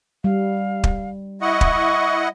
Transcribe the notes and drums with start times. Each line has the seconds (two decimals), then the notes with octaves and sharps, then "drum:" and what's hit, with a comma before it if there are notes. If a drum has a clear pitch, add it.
0.24 G3 F5
0.84 drum: kick
1.42 E4 D#5 F#5 C#6
1.61 drum: kick